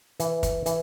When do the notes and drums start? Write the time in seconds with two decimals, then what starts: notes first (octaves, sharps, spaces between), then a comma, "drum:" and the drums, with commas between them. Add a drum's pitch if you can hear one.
0.20 E3, drum: hi-hat
0.43 drum: kick, hi-hat
0.66 E3, drum: hi-hat